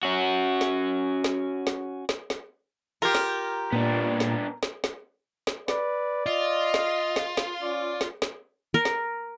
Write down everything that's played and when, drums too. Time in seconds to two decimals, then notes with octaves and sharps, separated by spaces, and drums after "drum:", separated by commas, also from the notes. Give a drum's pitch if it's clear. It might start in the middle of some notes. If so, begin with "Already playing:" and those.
0.03 C#4 F#4
0.61 drum: snare
1.24 drum: snare
1.67 drum: snare
2.09 drum: snare
2.30 drum: snare
3.02 F4 G4 A#4
3.15 drum: snare
3.72 A#2 B3 D4
4.20 drum: snare
4.63 drum: snare
4.84 drum: snare
5.47 drum: snare
5.68 B4 D5, drum: snare
6.26 F4 D#5
6.74 drum: snare
7.16 drum: snare
7.37 drum: snare
7.61 C#4 D5
8.01 drum: snare
8.22 drum: snare
8.74 A#4
8.85 drum: snare